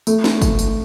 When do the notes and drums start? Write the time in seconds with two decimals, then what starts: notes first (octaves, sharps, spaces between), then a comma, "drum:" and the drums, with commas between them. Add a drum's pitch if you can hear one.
0.07 A3, drum: tambourine
0.24 drum: snare
0.41 drum: kick, tambourine
0.59 drum: tambourine